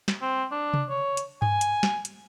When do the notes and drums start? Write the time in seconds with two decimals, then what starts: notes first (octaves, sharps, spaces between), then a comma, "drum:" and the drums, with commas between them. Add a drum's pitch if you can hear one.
0.08 drum: snare
0.22 C4
0.52 D4
0.74 drum: tom C3
0.89 C#5
1.17 drum: hi-hat
1.42 G#5, drum: tom G2
1.61 drum: hi-hat
1.83 drum: snare
2.05 drum: hi-hat